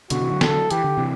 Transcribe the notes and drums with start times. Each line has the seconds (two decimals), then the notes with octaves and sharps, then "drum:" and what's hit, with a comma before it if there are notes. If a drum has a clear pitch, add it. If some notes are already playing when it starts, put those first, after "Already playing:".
0.10 B2 D3 F#4, drum: hi-hat
0.21 C3 E3
0.31 D3 F#3
0.41 A4, drum: snare
0.71 E3 G4, drum: hi-hat
0.84 D3
0.98 C3 E3